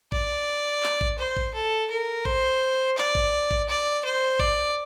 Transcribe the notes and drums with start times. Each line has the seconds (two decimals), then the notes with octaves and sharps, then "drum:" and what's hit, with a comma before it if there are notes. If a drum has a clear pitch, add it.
0.12 D5, drum: kick A1
0.83 drum: clap
1.01 drum: kick A1
1.18 C5
1.37 drum: kick A1
1.54 A4
1.90 A#4
2.25 C5, drum: kick A1
2.98 D5, drum: clap
3.15 drum: kick A1
3.51 drum: kick A1
3.69 D5
4.05 C5
4.39 D5, drum: kick A1